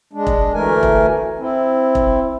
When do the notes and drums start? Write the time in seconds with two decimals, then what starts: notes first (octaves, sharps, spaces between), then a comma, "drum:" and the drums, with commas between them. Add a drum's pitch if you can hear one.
0.13 G#3 D4
0.27 drum: kick E1
0.53 D2 E3 A3 A#4 G#5
0.83 drum: kick E1
1.39 C4 E4
1.95 drum: kick E1